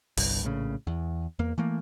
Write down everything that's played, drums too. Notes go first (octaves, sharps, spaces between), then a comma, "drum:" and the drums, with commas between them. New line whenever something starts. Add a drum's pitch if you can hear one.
G1 C2 G2, drum: open hi-hat
A#1 A2 C#3
E2
E2 A#3
E3 A3 A#3